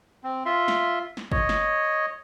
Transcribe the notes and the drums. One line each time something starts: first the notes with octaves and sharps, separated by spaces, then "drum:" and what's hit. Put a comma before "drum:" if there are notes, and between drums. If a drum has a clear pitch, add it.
C4
F4 E5 C6
drum: snare
drum: snare
C#5 D#5, drum: kick
drum: snare